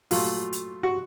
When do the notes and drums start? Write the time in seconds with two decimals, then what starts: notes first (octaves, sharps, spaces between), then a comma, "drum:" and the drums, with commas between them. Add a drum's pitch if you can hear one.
0.11 A#2 F#3 A3 F4, drum: open hi-hat
0.53 drum: hi-hat
0.83 F#4